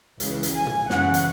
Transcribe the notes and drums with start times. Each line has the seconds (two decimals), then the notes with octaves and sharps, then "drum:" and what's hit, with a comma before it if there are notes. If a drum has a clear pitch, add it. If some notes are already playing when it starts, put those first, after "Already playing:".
0.20 C#2 C#3 E3, drum: hi-hat
0.43 drum: hi-hat
0.54 G#5
0.67 drum: tom
0.90 F#2 C#3 E3 F#5, drum: snare
1.14 drum: hi-hat